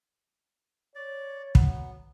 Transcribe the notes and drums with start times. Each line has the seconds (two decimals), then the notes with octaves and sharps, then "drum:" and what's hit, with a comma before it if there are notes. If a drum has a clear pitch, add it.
0.95 C#5 D5
1.55 F#3 B3, drum: kick